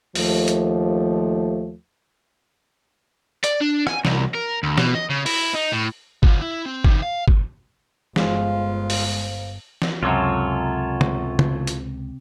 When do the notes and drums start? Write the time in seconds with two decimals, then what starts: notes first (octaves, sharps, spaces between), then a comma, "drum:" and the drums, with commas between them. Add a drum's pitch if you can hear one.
0.15 D#2 F3 A3, drum: open hi-hat
0.48 drum: hi-hat
3.44 D5, drum: hi-hat
3.61 D4
3.87 G#5, drum: rim click
4.05 C2, drum: snare
4.34 A#4
4.63 D2
4.78 B2, drum: snare
4.95 D#5
5.10 C#3
5.26 E4, drum: open hi-hat
5.55 D#4
5.73 A2
6.23 D3 F4, drum: kick G1
6.41 E4
6.66 C4
6.84 C3 D#3, drum: kick G1
7.03 F5
7.28 drum: kick G1
8.16 G1 G#3 F4 C5 F5, drum: snare
8.90 drum: open hi-hat
9.82 drum: snare
10.03 C#2 F#2 C3 F#3 C4 F4 A4 C#5
11.01 drum: tom C#3
11.39 drum: tom C#3
11.67 drum: hi-hat